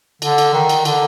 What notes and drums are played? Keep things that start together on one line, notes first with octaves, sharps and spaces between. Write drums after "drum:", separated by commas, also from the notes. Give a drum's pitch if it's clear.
D3, drum: cymbal
drum: cymbal
D#3
drum: cymbal
D3, drum: cymbal